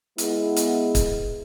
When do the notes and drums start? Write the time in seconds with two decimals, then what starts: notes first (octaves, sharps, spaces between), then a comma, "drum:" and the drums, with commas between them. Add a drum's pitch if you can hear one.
0.18 G#3 B3 E4, drum: hi-hat
0.56 drum: hi-hat
0.95 drum: kick, hi-hat